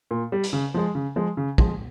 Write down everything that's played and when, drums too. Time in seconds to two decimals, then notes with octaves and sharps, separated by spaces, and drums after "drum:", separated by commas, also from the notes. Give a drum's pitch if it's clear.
0.11 A#2
0.32 G3
0.44 drum: hi-hat
0.53 C#3
0.74 F3 G#3
0.95 C#3
1.16 F3 G#3
1.37 C#3
1.58 F3 G#3, drum: kick